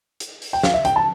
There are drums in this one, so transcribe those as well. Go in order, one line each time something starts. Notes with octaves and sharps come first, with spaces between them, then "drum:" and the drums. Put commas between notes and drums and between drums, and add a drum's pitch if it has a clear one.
drum: hi-hat
drum: open hi-hat
G5
F5, drum: snare
E5
G5, drum: hi-hat
A5